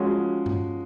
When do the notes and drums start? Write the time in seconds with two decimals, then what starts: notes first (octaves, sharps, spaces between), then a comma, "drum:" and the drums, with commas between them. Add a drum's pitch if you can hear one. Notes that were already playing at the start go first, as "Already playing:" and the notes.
Already playing: F3 G#3 C#4 F#4
0.46 drum: tom G2